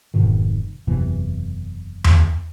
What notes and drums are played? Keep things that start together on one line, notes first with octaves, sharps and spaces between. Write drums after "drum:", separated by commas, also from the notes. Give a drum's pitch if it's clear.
F1 G#2 B2 D#3
F#1 E2 C3 E3
drum: tom E2